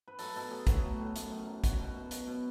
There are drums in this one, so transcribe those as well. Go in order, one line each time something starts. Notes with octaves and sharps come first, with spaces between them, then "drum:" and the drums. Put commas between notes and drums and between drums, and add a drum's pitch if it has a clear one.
B4
F#3 A4, drum: open hi-hat
B2 A4
F#3 G#4
A2 F#4, drum: kick, hi-hat
F#3
A2
F#2, drum: hi-hat
F#2
F#3
F#3 F#4, drum: kick, hi-hat
B2
B2
B2, drum: hi-hat
B2